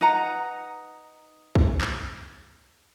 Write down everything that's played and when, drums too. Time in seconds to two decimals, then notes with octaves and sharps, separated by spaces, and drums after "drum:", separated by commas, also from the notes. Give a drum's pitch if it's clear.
0.01 D#4 B4 F#5 A#5
1.55 drum: kick B1
1.81 drum: clap